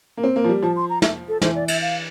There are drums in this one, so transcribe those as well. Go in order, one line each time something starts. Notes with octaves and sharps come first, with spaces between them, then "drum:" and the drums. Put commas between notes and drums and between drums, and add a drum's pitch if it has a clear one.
A#3
C4
A#3
F3
G3
F3 A5
C6
A#5
E5, drum: snare
A4
E3 C5, drum: snare
D5
E5, drum: cymbal
F5